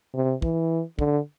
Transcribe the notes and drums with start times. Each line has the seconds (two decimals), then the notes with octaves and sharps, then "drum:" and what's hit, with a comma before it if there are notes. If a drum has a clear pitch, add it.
0.14 C3
0.42 E3, drum: kick
0.99 D3, drum: kick